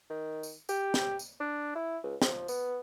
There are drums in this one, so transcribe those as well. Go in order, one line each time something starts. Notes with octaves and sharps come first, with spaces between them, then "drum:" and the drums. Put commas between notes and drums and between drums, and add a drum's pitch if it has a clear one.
D#3
drum: tambourine
G4, drum: tambourine
drum: snare
drum: tambourine
D4
E4
C#2
F3, drum: snare
B3, drum: tambourine